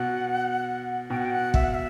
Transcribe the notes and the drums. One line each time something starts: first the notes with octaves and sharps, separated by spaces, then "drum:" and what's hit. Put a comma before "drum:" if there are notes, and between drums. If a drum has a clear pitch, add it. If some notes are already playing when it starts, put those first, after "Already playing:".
Already playing: B2 F#5
B2 G5
F#5
G5
F#5
E5, drum: kick
F#5
E5